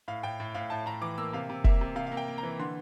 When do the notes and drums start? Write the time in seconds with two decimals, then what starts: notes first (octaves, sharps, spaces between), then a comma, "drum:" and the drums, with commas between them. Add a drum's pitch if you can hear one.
0.08 A2 F5
0.23 A2 G5
0.40 A2
0.54 A2 F5
0.70 A2 A5
0.86 A2 A#5
1.01 E3 D6
1.18 A#3 E6
1.33 C3 F5
1.49 C3
1.64 A#3 E5, drum: kick F1
1.81 C3
1.96 C3 F5
2.07 F5
2.12 A#3
2.17 G5
2.28 A#3
2.38 A#5
2.43 E3
2.59 D3 C6